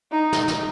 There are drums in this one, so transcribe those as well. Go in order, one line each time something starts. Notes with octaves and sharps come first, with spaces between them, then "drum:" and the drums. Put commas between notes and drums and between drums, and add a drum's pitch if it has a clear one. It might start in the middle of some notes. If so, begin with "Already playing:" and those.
D#4
drum: snare
drum: snare